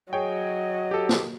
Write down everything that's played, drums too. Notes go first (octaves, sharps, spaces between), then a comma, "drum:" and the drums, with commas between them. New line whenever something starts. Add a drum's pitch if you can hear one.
F#3 G#4 C#5 D#5 G5
G4 A4
drum: snare